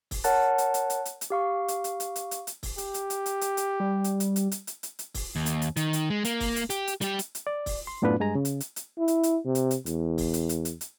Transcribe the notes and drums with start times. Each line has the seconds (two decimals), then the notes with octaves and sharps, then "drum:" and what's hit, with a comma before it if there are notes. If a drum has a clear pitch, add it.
0.11 drum: kick, open hi-hat
0.24 A#4 C#5 F#5 A5 F#6 A6, drum: hi-hat
0.58 drum: hi-hat
0.74 drum: hi-hat
0.90 drum: hi-hat
1.05 drum: hi-hat
1.21 drum: hi-hat
1.30 G4 F5 C#6
1.68 drum: hi-hat
1.84 drum: hi-hat
2.00 drum: hi-hat
2.16 drum: hi-hat
2.31 drum: hi-hat
2.47 drum: hi-hat
2.63 drum: kick, open hi-hat
2.78 G4, drum: hi-hat
2.94 drum: hi-hat
3.10 drum: hi-hat
3.26 drum: hi-hat
3.41 drum: hi-hat
3.57 drum: hi-hat
3.80 G3
4.04 drum: hi-hat
4.20 drum: hi-hat
4.36 drum: hi-hat
4.52 drum: hi-hat
4.67 drum: hi-hat
4.83 drum: hi-hat
4.99 drum: hi-hat
5.14 drum: kick, open hi-hat
5.36 D#2
5.46 drum: hi-hat
5.62 drum: hi-hat
5.77 D#3, drum: hi-hat
5.93 drum: hi-hat
6.10 G#3
6.25 A#3, drum: hi-hat
6.40 drum: kick, open hi-hat
6.56 drum: hi-hat
6.70 G4, drum: hi-hat
6.87 drum: hi-hat
7.01 G3 G4, drum: hi-hat
7.19 drum: hi-hat
7.35 drum: hi-hat
7.47 D5
7.66 drum: kick, open hi-hat
7.87 C6
8.02 F#2 A2 B3 D4 F4 B4
8.20 G2 G#3 G#5 A#5
8.35 C#3
8.45 drum: hi-hat
8.60 drum: hi-hat
8.76 drum: hi-hat
8.98 E4
9.08 drum: hi-hat
9.23 drum: hi-hat
9.45 C3
9.55 drum: hi-hat
9.71 drum: hi-hat
9.86 E2, drum: hi-hat
10.18 drum: kick, open hi-hat
10.34 drum: hi-hat
10.49 drum: hi-hat
10.65 drum: hi-hat
10.81 drum: hi-hat